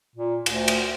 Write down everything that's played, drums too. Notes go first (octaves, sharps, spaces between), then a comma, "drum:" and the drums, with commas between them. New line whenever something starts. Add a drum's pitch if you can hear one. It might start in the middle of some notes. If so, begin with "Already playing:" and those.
A#2
D2, drum: cymbal
drum: cymbal